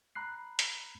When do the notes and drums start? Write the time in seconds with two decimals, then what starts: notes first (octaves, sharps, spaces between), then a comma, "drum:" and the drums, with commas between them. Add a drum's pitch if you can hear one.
0.15 A#5 B5 F#6 C7
0.59 drum: hi-hat